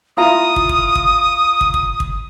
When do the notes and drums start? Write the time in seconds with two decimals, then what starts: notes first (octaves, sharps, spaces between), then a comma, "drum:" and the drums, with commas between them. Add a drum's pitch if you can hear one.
0.17 E4 F4 A#5 D#6
0.56 drum: kick
0.69 drum: kick
0.95 drum: kick
1.61 drum: kick
1.74 drum: kick
2.00 drum: kick